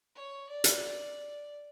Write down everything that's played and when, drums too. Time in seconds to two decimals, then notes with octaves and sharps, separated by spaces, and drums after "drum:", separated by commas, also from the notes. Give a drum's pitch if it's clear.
0.15 C#5
0.49 D5
0.64 drum: hi-hat